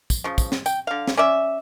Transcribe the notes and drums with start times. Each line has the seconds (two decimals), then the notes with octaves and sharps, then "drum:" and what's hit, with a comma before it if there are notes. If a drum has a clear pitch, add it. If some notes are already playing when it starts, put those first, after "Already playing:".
0.10 drum: kick, tambourine
0.24 C#3 F3
0.38 drum: kick, tambourine
0.52 drum: snare
0.66 G5, drum: tambourine
0.87 D3 F5
1.08 drum: snare
1.17 C#4 D5 E5